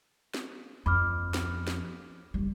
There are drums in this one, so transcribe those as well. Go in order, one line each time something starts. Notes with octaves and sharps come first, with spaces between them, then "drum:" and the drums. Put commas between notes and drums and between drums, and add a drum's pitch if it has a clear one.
drum: snare
F2 B5 D6 F6
drum: snare
drum: snare
F#1 G3